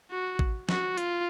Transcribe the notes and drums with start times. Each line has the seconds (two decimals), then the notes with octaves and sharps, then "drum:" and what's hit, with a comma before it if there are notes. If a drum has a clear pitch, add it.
0.11 F#4
0.39 drum: kick A1
0.69 F#4, drum: snare
0.98 F4, drum: hi-hat